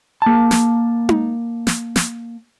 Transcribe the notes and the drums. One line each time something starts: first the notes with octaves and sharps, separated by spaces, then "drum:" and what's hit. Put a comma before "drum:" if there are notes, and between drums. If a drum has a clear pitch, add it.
A#3 A5
drum: snare
drum: tom D#4
drum: snare
drum: snare